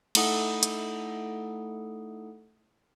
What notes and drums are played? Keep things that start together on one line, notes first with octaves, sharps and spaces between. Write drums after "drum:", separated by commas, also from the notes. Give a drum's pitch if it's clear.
A3 D#4 E4 A4 F#5 D#6, drum: cymbal
drum: hi-hat